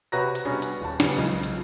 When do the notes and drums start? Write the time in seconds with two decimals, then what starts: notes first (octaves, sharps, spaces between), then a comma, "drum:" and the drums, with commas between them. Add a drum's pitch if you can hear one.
0.12 C3 F#4 B4 C#5 A#5 A#6
0.35 drum: hi-hat
0.45 B2 G3 B3 C#4 D4 G#4
0.62 drum: hi-hat
0.81 D#1 A5
1.00 C#3 F3 G3 B3, drum: snare
1.16 B1 A#2 C#3 F3 G#3, drum: hi-hat
1.30 drum: open hi-hat
1.43 drum: hi-hat